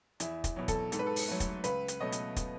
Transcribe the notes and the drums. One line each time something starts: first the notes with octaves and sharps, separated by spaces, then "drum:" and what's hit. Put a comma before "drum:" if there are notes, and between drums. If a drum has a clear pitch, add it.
E2 E4, drum: hi-hat
drum: kick, hi-hat
B2 F#3
A4, drum: kick, hi-hat
G#2 A4, drum: hi-hat
B4
A4
drum: open hi-hat
F#3 A3
drum: kick, hi-hat
C#2 B4, drum: hi-hat
drum: hi-hat
B2 F#3 A3 D#5
drum: hi-hat
drum: kick, hi-hat